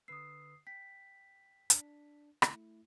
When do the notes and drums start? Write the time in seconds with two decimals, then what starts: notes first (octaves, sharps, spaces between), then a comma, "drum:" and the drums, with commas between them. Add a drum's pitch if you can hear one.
0.08 D3 B4 D#6 E6 C7
0.67 G5 B6
1.70 D4, drum: hi-hat
2.42 A3 E4, drum: rim click